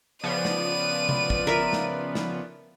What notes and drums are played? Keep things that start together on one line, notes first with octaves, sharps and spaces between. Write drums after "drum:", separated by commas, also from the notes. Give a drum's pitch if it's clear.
C#3 F3 B3 D5 D#7
drum: snare
drum: tom C3
drum: kick
A#4 E5
drum: snare
drum: snare